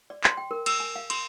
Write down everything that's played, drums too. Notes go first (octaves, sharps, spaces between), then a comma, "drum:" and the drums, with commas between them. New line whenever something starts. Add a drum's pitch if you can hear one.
D5
C6, drum: clap
G5
A#4
E6, drum: cymbal
G#5
F5
C6, drum: cymbal